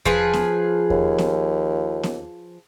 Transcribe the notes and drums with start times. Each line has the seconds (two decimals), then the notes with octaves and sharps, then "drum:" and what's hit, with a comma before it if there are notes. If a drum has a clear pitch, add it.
0.06 F3 G#4 B4, drum: kick E2
0.33 drum: snare B3
0.90 D#2, drum: kick E2
1.18 drum: snare B3
2.03 drum: snare B3